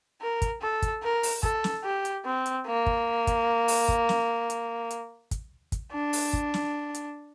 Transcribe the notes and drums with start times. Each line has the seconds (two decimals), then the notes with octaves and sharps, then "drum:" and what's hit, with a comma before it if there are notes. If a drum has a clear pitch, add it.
0.22 A#4
0.42 drum: kick, hi-hat
0.62 A4
0.82 drum: kick, hi-hat
1.03 A#4
1.23 drum: open hi-hat
1.43 A4, drum: kick
1.64 drum: snare
1.84 G4
2.05 drum: hi-hat
2.25 C4
2.46 drum: hi-hat
2.67 A#3
2.86 drum: kick
3.27 drum: kick, hi-hat
3.68 drum: open hi-hat
3.88 drum: kick
4.09 drum: snare
4.50 drum: hi-hat
4.90 drum: hi-hat
5.31 drum: kick, hi-hat
5.72 drum: kick, hi-hat
5.92 D4
6.13 drum: open hi-hat
6.33 drum: kick
6.54 drum: snare
6.95 drum: hi-hat